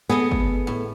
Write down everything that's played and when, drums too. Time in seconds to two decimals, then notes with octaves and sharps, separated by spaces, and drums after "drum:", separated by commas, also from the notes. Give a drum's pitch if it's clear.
0.09 B3 G#4 A4 D#5
0.32 drum: kick G1
0.67 A2